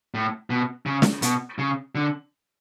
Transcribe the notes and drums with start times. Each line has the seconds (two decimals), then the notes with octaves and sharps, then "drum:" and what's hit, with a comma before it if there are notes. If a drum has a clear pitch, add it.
0.14 A2
0.50 B2
0.86 C#3
1.02 drum: snare
1.22 B2, drum: hi-hat
1.58 C#3
1.95 D3